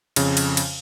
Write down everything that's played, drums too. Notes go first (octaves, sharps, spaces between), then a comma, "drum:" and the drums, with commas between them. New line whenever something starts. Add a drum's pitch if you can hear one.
F2 C#3, drum: cymbal
drum: cymbal
drum: cymbal